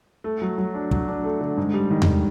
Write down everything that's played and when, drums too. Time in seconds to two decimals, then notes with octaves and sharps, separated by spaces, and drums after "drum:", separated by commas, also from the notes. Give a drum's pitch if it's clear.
0.24 A3
0.42 F#3
0.58 F#3
0.74 D4
0.91 F#3, drum: kick
1.08 D4
1.24 A3
1.41 D3
1.57 G#2
1.74 G3
1.91 D#3
2.02 drum: tom E2